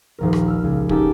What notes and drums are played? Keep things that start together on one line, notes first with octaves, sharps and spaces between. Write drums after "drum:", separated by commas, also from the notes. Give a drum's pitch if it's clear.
D#1 A#1 A#4
drum: rim click
E6 F6
C#2
C#4 D#4 G4 A4 F#5 A5, drum: kick